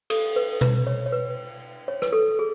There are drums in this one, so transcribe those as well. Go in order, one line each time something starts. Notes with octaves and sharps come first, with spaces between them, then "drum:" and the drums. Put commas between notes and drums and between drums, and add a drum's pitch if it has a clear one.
A4, drum: cymbal
B4
B4, drum: tom B2
C#5
C#5
B4
C#5
B4, drum: rim click
A4
G#4